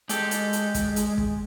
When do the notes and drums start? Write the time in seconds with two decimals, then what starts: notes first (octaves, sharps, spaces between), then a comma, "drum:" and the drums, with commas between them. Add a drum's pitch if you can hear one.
0.09 G#3 G4 A4, drum: hi-hat
0.31 drum: hi-hat
0.53 drum: hi-hat
0.74 drum: kick, hi-hat
0.96 drum: hi-hat
1.18 drum: kick